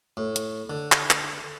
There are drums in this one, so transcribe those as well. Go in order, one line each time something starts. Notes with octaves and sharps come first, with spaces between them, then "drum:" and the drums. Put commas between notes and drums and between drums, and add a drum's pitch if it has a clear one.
A2
drum: hi-hat
D3
drum: clap
drum: clap